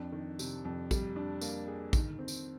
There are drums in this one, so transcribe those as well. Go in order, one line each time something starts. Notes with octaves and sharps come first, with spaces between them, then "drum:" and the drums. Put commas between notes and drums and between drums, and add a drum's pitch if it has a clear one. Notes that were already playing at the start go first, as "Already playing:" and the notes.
Already playing: F2 D4
D#3
C3, drum: tambourine
F2
G3, drum: kick, tambourine
D4
A#3, drum: tambourine
G#4
D#3, drum: kick, tambourine
C4
drum: tambourine